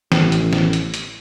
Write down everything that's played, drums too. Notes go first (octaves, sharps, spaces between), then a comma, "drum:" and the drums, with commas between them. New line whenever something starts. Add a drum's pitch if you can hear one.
A1, drum: snare
drum: hi-hat
drum: snare
drum: hi-hat
drum: hi-hat